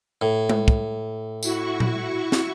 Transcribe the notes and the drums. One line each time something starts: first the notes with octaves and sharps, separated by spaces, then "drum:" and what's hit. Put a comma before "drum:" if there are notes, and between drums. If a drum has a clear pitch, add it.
A2
drum: tom G#3
drum: kick
E4 F#4 C#6, drum: tambourine
drum: tom A#2
drum: snare